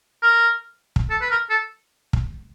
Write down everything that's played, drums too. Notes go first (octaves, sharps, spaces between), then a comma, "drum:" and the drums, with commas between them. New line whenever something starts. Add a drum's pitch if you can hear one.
A#4
drum: kick
A4
B4
A#4
A4
drum: kick